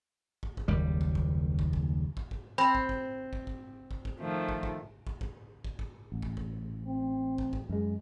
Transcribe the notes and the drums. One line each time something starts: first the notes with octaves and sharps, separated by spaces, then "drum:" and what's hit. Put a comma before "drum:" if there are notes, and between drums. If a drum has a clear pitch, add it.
drum: kick
drum: kick
F#1 D#2 G3
drum: kick
drum: kick
drum: kick
drum: kick
drum: kick
drum: kick
C4 B5 F7
drum: kick
drum: kick
drum: kick
drum: kick
drum: kick
drum: kick
D#3 F3 A3
drum: kick
drum: kick
drum: kick
drum: kick
drum: kick
drum: kick
A1
drum: kick
drum: kick
C4
drum: kick
drum: kick
F#2 G#3